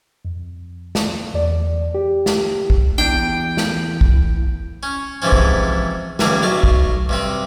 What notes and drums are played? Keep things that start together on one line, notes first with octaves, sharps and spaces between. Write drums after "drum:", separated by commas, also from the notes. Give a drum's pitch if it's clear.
F2
drum: snare
E2 D5
G4
drum: snare
drum: kick
E2 D4 E4 G5 G6 D7
drum: snare
drum: kick
C#4
G#2 C3 E3 F3 C#4
drum: kick
C#2 D3 E3 G3, drum: snare
B1 F#3 A3 F5
drum: kick
G2 C3 C4